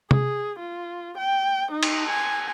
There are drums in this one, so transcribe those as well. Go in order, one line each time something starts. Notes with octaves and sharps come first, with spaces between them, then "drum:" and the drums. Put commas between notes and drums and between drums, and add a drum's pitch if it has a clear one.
G#4, drum: tom C3
F4
G5
D#4
drum: cymbal
G#5